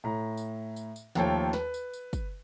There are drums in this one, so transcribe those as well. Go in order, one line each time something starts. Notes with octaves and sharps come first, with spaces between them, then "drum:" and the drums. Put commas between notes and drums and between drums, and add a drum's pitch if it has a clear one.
A2 A#5
drum: tambourine
drum: tambourine
drum: tambourine
D#2 F3 A3 A4 C#5 G5, drum: snare
B4, drum: snare
drum: tambourine
drum: tambourine
drum: kick, tambourine